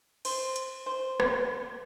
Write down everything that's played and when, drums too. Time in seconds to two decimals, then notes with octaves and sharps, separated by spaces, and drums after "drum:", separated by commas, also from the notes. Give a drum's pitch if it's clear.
0.25 C5, drum: cymbal
0.56 drum: hi-hat
0.86 C5
1.20 drum: rim click